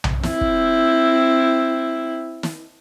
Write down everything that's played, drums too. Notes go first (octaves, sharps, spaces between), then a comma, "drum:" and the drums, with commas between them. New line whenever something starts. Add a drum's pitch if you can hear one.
drum: tom B1
C4 E4, drum: snare
drum: kick
drum: snare